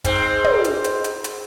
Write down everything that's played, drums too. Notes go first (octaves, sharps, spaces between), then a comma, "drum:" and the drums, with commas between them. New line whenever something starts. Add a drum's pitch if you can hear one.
G#2 C4, drum: kick, hi-hat
drum: tom
drum: hi-hat
drum: hi-hat
drum: hi-hat
drum: hi-hat